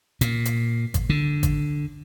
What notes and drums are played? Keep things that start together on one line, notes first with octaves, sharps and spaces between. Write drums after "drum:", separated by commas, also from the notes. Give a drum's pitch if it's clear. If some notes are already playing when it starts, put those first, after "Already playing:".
A#2, drum: hi-hat
drum: hi-hat
drum: kick G#1, hi-hat
D3
drum: kick G#1, hi-hat